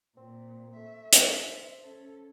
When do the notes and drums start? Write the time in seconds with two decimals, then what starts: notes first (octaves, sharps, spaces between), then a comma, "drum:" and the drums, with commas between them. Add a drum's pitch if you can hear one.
0.16 A#2 C4
0.76 A3 E5
1.13 C5, drum: hi-hat
1.83 C#4 A4